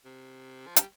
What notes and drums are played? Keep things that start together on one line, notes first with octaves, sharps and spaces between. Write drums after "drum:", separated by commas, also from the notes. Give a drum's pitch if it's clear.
C3
F3
G3, drum: hi-hat